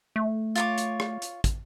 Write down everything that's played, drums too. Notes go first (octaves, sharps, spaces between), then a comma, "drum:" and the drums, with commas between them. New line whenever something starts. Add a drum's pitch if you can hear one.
A3
F4 C#5 D6, drum: hi-hat
drum: hi-hat
drum: rim click
drum: hi-hat
drum: kick, hi-hat